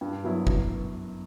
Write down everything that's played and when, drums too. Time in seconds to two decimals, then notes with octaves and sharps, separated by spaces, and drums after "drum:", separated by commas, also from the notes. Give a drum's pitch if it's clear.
0.01 G2
0.24 F#3 B3 E4
0.47 F#2, drum: kick G1